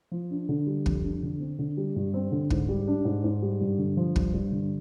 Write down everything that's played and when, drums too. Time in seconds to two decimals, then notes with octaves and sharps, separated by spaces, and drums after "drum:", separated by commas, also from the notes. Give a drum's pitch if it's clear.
0.11 F3
0.31 D4
0.49 D3
0.66 G3
0.86 F2, drum: kick
1.04 D4
1.23 D3
1.40 C4
1.59 D3
1.77 G3
1.96 G2
2.14 C4
2.32 D3
2.50 G#2, drum: kick
2.69 G3
2.88 D4
3.05 G#2
3.24 G#2
3.42 G3
3.61 G2
3.78 D3
3.97 F3
4.16 G2, drum: kick
4.34 G2
4.52 D3